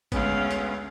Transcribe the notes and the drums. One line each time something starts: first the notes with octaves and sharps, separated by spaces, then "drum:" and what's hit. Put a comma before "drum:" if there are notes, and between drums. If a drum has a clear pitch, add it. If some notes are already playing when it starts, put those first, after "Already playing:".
D2 G#3 B3 C#4 F5, drum: kick G#1, hi-hat
drum: hi-hat